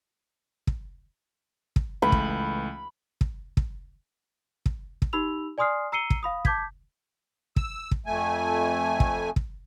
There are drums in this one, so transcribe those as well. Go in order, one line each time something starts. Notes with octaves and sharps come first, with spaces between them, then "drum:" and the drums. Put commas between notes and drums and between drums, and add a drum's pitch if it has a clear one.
drum: kick
drum: kick
C#2 E3 A3 B5
drum: kick
drum: kick
drum: kick
drum: kick
drum: kick
D#4 G4 B5 E6 F7
D5 G#5 C6 D#6 F6 C7
A#5 E6 C7 C#7 D#7 G7
drum: kick
F5 B5 D#6
A5 D6 G6 G#6 B6, drum: kick
E6, drum: kick
drum: kick
F2 A3 G#5
drum: kick
drum: kick